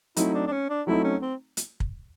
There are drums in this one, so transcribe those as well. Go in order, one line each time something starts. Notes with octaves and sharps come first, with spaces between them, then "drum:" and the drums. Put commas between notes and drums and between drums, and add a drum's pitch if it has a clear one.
F#3 A3 C4 D#4 E4, drum: hi-hat
D4
D4
C#4
D4
F#3 A3 C4 D#4 E4
C#4
C4
drum: hi-hat
drum: kick